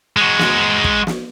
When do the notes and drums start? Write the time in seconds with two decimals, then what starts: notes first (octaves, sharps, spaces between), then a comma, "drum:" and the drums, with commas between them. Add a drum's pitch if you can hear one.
0.17 G#3 F#4
0.39 drum: snare
0.84 drum: kick
1.07 drum: snare